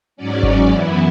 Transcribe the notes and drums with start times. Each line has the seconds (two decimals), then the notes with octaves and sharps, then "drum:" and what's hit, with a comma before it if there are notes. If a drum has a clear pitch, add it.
0.17 G#2 F#3 C#4 D5
0.43 drum: kick G1
0.70 F#2 E3 B3 E4